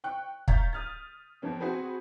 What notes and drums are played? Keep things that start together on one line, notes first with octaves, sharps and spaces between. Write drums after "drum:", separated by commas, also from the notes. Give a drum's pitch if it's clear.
G5 C#6 F#6
F5 A#5 C#6 G6 A6 B6, drum: kick
D#6 F6 A6
F2 F3 B3 C#4
C4 F#4 G#4 B4 C5